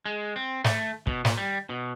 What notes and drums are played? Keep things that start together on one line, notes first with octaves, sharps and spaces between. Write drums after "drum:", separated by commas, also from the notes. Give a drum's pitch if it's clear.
G#3
C4
A3, drum: snare
B2, drum: kick
A#2, drum: snare
G3
B2